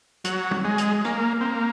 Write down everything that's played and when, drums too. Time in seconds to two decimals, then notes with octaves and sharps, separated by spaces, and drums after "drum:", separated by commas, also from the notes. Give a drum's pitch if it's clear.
0.24 F#3, drum: hi-hat
0.51 drum: tom
0.65 G#3
0.78 drum: hi-hat
1.05 A#3, drum: rim click
1.41 C4
1.45 A#3